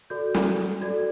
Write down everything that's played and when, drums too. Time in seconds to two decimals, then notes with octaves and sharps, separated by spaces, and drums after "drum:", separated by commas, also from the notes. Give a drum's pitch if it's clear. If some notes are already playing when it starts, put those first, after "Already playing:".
0.10 F#4 A4 D5 G6
0.34 drum: snare
0.81 F#4 A4 D5 G#6